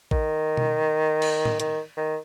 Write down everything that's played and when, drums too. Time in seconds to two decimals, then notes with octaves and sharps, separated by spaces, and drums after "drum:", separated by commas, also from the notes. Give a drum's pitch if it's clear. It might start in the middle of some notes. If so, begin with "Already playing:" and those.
0.11 D#3, drum: kick A1
0.57 drum: tom B2
1.22 drum: cymbal
1.45 drum: tom
1.60 D#3, drum: hi-hat
1.97 D#3